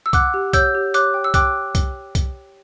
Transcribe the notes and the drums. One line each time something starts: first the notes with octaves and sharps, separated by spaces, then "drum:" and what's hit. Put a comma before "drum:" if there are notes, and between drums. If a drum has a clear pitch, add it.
E6
F#5 D6 F#6, drum: kick C2, hi-hat
G4
C#5 E6 G6, drum: kick C2, hi-hat
G4
C#5 D6 F#6, drum: hi-hat
G5
E6
G5 D6 F#6, drum: kick C2, hi-hat
drum: kick C2, hi-hat
drum: kick C2, hi-hat